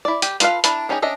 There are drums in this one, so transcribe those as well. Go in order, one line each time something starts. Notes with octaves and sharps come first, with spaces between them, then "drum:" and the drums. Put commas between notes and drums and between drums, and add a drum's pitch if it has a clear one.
E4 D5
G4, drum: hi-hat
B3 F4 A4 B4 F5, drum: hi-hat
D4 E4 A#4 A5, drum: hi-hat
B3 C#4 D#4 G4 G#4
C#4 D4 D#5 E5